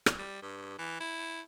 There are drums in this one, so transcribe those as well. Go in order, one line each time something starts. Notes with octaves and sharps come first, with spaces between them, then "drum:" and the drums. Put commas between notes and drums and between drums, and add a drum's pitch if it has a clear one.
drum: rim click
G3
G2
E3
E4